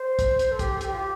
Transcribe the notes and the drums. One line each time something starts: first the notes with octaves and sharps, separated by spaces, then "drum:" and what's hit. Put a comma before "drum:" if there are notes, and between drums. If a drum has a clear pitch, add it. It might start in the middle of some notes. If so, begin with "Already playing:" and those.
Already playing: C5
drum: kick, hi-hat
drum: hi-hat
A4
G4, drum: kick, hi-hat
A4
G4, drum: hi-hat
F4
G4